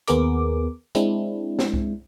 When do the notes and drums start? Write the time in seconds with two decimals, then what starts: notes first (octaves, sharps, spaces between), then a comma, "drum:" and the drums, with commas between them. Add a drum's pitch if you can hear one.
0.08 D#2 B3 G#4 A#4 D6, drum: hi-hat
0.95 G#3 C4 D4 E4, drum: hi-hat
1.59 drum: snare
1.74 drum: kick C2